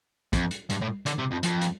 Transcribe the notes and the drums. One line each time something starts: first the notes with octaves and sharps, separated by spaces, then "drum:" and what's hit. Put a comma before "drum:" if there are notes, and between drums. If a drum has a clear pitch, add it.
F2, drum: kick, hi-hat
drum: hi-hat
G2, drum: hi-hat
A2
D3, drum: hi-hat
C3
F2
F2, drum: hi-hat
drum: hi-hat